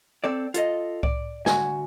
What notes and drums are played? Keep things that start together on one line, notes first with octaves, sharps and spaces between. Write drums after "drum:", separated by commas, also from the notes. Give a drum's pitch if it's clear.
C4 A4 D5
F4 A4 D#5, drum: hi-hat
D5, drum: kick C2
D2 F#4 G#5, drum: snare